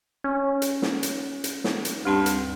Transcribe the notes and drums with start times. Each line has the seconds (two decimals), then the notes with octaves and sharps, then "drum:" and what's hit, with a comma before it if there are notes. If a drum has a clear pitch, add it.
0.24 C#4
0.62 drum: hi-hat
0.82 drum: snare
1.03 drum: hi-hat
1.44 drum: hi-hat
1.64 drum: snare
1.85 drum: hi-hat
2.05 D2 G2 C4 A5
2.26 drum: hi-hat